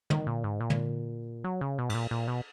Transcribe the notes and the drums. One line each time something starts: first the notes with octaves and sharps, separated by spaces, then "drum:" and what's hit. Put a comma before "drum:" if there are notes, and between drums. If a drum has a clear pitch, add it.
D#3, drum: tom
A#2
G#2
A#2
drum: tom
F#3
C#3
B2
G#2, drum: cymbal
A#2
A#2
B2